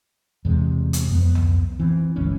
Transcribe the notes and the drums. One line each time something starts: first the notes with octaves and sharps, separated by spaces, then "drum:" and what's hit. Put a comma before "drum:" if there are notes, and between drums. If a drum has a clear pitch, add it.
E2 C3 G#3
drum: hi-hat
F2 B3
drum: tom C2
E3 C4
G1 C#2 E3 C#4